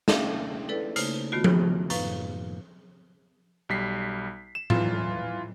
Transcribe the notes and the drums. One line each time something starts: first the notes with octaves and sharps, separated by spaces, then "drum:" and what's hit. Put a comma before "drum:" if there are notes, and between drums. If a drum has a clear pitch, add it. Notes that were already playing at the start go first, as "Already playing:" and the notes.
C#4 D4 G#4 E5 F5, drum: snare
E4 A4 B4 D5
C#3 A3 A#3 D#4 C5, drum: hi-hat
D#3 A3 B3 F4 F#4
drum: tom F3
F#2 A2 D#4 B4 F5, drum: hi-hat
B1 G3 B6 C7
E7
E3 F4, drum: tom A2